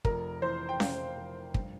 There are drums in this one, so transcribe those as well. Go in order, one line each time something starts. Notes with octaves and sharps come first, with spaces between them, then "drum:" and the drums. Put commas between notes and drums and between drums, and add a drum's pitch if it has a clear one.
F1 A#4, drum: kick
E3 C5
G5
F1 F5, drum: snare C#4
F1
G2, drum: kick